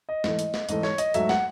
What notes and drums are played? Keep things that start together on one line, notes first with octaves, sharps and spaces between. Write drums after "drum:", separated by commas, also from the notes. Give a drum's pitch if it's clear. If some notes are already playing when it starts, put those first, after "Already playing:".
D#5
G#2 E3 A3, drum: snare
drum: hi-hat
drum: snare
G#2 E3 A3 D#5, drum: hi-hat
C#5, drum: snare
D#5, drum: hi-hat
G#2 F#3 A3 E5, drum: hi-hat
F#5, drum: snare